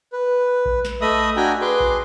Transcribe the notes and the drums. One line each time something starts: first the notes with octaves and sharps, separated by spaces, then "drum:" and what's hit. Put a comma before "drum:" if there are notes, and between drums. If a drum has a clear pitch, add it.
B4
drum: kick A#1
drum: snare
A3 D#5 E5 B5 D#6
D4 F#4 G5 G#5 A#5
G#4 B4 C6 D6
drum: kick A#1